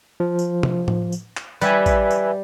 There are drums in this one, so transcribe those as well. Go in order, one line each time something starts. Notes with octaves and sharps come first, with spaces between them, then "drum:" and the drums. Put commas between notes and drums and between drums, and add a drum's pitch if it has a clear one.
F3
drum: tambourine
drum: tom
drum: tom A2
drum: tambourine
drum: clap
G3 B4 E5 G#5, drum: tambourine
drum: kick, tambourine
drum: tambourine